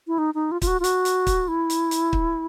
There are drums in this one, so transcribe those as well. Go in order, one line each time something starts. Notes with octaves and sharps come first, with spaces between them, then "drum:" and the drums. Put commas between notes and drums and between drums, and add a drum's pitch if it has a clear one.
E4
D#4
D#4
F4
F4, drum: kick, hi-hat
F#4
F4
F#4, drum: hi-hat
drum: hi-hat
drum: kick, hi-hat
E4
drum: hi-hat
drum: hi-hat
drum: kick